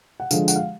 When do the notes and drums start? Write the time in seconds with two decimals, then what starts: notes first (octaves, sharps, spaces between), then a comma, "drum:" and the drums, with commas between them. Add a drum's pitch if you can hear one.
0.20 F#5
0.31 D3 F3 G#3 F5, drum: tambourine
0.48 F#5, drum: tambourine
0.56 F5